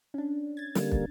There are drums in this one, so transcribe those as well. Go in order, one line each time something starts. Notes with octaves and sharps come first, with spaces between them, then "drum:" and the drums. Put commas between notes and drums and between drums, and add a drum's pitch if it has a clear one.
C#4 D4
G#6 A6
D3 G3 A#3, drum: snare
drum: kick